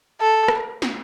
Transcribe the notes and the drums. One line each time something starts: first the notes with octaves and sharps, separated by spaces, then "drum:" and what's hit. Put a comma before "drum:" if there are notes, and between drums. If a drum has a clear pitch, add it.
A4
drum: rim click
drum: snare